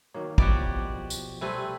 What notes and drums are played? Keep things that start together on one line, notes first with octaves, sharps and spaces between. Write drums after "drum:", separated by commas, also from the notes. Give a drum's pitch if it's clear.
D#3 F#3 A#3 C#5
B2 F3 E4 F#4 G4 D5 D#5, drum: kick
drum: tambourine
C3 G3 A3 C4 B4 G#5